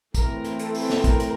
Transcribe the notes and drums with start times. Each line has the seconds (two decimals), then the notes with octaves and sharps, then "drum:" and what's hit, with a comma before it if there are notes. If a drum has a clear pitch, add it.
0.14 E3 A3 C4 A#4, drum: kick, hi-hat
0.44 drum: hi-hat
0.59 A4, drum: hi-hat
0.74 drum: open hi-hat
0.90 drum: snare
1.04 A#4, drum: kick, hi-hat
1.20 drum: hi-hat